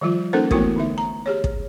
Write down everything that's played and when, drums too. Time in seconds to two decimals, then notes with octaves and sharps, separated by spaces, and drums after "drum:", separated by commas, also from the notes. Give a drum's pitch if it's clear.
0.01 D#3 F3 G3 F4
0.33 A#3 C#4 D#4 A4 A#4 C5
0.51 E3 A3 B3 E4 F#4 A#4, drum: kick
0.76 D3 D#4 E5
0.98 A#5
1.26 G4 G#4 C#5
1.44 drum: kick